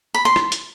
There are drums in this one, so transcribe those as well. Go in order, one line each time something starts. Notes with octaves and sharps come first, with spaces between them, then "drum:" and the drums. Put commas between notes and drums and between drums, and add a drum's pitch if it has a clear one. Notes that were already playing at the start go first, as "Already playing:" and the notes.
B5
C6
drum: rim click
drum: hi-hat